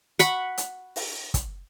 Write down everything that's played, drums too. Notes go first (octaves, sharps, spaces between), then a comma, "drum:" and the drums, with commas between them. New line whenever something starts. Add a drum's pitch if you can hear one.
F#5 B5 C#6, drum: hi-hat
drum: hi-hat
drum: open hi-hat
drum: kick, hi-hat